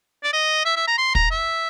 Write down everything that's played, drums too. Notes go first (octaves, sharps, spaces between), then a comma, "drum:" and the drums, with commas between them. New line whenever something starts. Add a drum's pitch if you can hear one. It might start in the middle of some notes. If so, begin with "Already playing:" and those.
D5
D#5
E5
E5
A#5
C6
A#5, drum: kick
E5